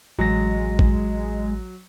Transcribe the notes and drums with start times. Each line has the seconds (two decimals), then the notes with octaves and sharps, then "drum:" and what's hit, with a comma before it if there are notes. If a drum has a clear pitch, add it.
0.19 A1 F#3 G#3 A#6
0.79 drum: kick